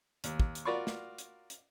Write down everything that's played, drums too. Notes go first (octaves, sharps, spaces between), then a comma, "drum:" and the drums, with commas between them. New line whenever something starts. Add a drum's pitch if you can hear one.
D#2, drum: hi-hat
drum: kick
drum: hi-hat
F4 F#4 A#4 D5 B5 C#6
drum: snare
drum: hi-hat
drum: hi-hat